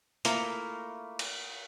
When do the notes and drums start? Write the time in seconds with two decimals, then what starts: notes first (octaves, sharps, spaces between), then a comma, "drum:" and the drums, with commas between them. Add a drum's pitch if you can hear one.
0.25 A3 A#3 E4 F4 A#5, drum: hi-hat
1.19 drum: cymbal